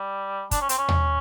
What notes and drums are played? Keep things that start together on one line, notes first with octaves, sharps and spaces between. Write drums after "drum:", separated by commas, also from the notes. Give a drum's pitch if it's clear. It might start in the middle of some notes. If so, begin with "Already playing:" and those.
Already playing: G3
D4, drum: kick, hi-hat
C#4
C4, drum: hi-hat
C#4
drum: tom D#2